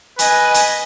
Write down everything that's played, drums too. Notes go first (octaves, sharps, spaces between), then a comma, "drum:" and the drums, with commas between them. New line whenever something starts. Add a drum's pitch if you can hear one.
B4 D#5 G#5, drum: hi-hat
drum: hi-hat